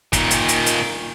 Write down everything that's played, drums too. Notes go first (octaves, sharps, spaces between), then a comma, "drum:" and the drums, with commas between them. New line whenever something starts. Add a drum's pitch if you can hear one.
A#2 D#3, drum: kick, hi-hat
drum: hi-hat
drum: hi-hat
drum: hi-hat